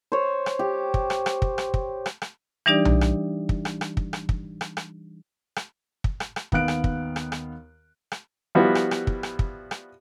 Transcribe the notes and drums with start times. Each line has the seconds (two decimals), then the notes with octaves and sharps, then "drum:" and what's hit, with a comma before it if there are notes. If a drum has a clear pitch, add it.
0.12 C5 C#5
0.46 drum: rim click
0.59 G4
0.94 drum: kick
1.10 drum: rim click
1.26 drum: rim click
1.42 drum: kick
1.58 drum: rim click
1.74 drum: kick
2.06 drum: rim click
2.22 drum: rim click
2.66 E3 G3 D4 D#4 G4 D5
2.85 drum: tom B1
3.01 drum: rim click
3.49 drum: kick
3.65 drum: rim click
3.81 drum: rim click
3.97 drum: kick
4.13 drum: rim click
4.29 drum: kick
4.61 drum: rim click
4.77 drum: rim click
5.56 drum: rim click
6.04 drum: kick
6.20 drum: rim click
6.36 drum: rim click
6.52 D#2 B3 F5 F#6 D7, drum: kick
6.68 drum: rim click
6.84 drum: kick
7.16 drum: rim click
7.32 drum: rim click
8.12 drum: rim click
8.55 F3 G3 B3 E4 F#4
8.75 drum: rim click
8.91 drum: rim click
9.07 drum: kick
9.23 drum: rim click
9.39 drum: kick
9.71 drum: rim click